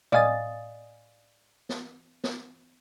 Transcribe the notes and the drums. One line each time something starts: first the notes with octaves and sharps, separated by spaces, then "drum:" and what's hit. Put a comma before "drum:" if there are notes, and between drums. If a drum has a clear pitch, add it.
D5 D#5 F5 G#5 D#6 A6, drum: tom A2
drum: snare
drum: snare